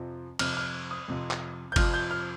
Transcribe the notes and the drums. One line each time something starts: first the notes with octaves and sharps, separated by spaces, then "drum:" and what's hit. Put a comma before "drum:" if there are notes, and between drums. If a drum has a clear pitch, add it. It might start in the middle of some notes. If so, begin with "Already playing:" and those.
Already playing: F2 C3 F3
F2 C3 F3 F6, drum: cymbal
F6
D#6
F2 C3 F3
drum: clap
G6
F2 C3 F3 F6, drum: kick G1, cymbal
G6
F6